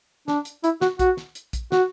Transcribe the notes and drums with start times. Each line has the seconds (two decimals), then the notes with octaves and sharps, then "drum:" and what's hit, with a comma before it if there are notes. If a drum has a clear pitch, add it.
0.28 D4, drum: snare
0.45 drum: hi-hat
0.64 E4, drum: hi-hat
0.81 F#4, drum: snare
0.99 F#4, drum: kick, hi-hat
1.17 drum: snare
1.35 drum: hi-hat
1.53 drum: kick, hi-hat
1.72 F#4, drum: snare